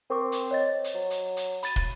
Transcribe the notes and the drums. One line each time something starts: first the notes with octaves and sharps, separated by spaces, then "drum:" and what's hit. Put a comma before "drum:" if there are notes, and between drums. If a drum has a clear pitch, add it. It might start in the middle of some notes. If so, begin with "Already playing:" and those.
C4 A#4 C#6 D6
drum: hi-hat
C#5 D#5 A6
drum: hi-hat
F#3
drum: hi-hat
drum: hi-hat
B5 A6 D#7, drum: hi-hat
drum: kick